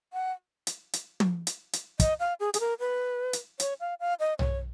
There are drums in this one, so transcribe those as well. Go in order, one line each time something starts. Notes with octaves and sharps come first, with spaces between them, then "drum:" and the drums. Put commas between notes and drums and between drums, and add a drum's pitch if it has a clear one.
F#5
drum: hi-hat
drum: hi-hat
drum: tom
drum: hi-hat
drum: hi-hat
D#5, drum: kick, hi-hat
F5
G#4
G#4, drum: hi-hat
A#4
B4
drum: hi-hat
C#5, drum: hi-hat
F5
F5
D#5
C#5, drum: tom B1